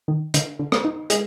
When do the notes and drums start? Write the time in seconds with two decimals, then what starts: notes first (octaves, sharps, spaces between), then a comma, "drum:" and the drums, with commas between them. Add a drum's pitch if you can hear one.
0.08 D#3
0.34 D3, drum: hi-hat
0.59 D3
0.72 drum: rim click
0.85 D#4
1.10 G#3 G#4, drum: hi-hat